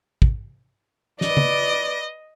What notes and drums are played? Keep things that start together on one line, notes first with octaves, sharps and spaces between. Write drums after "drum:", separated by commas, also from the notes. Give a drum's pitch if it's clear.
drum: kick
B4 D5 D#5, drum: snare
drum: tom